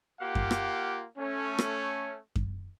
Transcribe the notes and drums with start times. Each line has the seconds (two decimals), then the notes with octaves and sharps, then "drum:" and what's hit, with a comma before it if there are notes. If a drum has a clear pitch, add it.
0.20 A#3 F4 G4 F5 F#5
0.35 drum: kick F#2
0.51 drum: rim click
1.18 A3 C#4
1.58 drum: rim click
2.36 drum: kick F#2